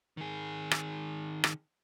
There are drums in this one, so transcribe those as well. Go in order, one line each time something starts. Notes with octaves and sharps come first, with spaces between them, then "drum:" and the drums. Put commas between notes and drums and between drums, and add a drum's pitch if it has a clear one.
D#3 G#4
drum: rim click
drum: rim click